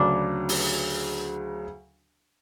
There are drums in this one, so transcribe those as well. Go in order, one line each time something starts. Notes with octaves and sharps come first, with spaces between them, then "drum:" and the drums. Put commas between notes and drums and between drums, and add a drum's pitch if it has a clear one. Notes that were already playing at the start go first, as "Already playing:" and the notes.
Already playing: D2 C#3 F#3 D4
drum: open hi-hat